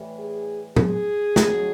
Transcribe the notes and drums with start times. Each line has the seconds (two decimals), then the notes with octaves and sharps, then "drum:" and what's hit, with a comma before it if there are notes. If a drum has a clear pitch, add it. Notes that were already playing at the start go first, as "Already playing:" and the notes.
Already playing: A2 E3 G3
0.17 G#4
0.76 G#4, drum: tom A2
1.36 F2 D3 F#3, drum: snare